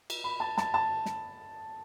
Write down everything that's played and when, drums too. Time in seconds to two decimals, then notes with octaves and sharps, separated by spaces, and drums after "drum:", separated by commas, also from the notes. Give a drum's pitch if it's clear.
0.10 drum: cymbal
0.24 B5
0.40 A5
0.58 A5, drum: snare
0.74 A5
1.06 drum: snare